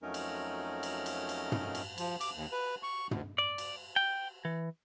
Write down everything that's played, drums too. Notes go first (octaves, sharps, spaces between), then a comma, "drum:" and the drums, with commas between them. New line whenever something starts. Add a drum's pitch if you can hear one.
F2 F#3 A3 C#4 D#4 A#4
drum: cymbal
drum: cymbal
drum: cymbal
drum: cymbal
drum: tom
drum: cymbal
F3, drum: cymbal
D6, drum: cymbal
D#2
B4
C#6
D2, drum: tom
D5
drum: cymbal
G5
E3